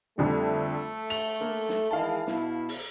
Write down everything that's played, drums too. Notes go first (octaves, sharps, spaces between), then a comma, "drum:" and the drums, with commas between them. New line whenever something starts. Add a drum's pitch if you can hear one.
F2 D3 G3 A3
F7, drum: cymbal
A#3
drum: snare
D#3 E3 G#3 F5 A5
B2 E4, drum: snare
drum: open hi-hat